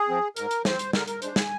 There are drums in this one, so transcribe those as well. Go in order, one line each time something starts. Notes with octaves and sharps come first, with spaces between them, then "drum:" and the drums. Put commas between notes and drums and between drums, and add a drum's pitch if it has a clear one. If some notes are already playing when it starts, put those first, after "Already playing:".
Already playing: G#4
F3 C4
G#2 A#4, drum: hi-hat
drum: hi-hat
F3 C4 C5, drum: snare
drum: hi-hat
D3 A#4, drum: snare
A#4, drum: hi-hat
G#3 D4 C5, drum: hi-hat
G#5, drum: snare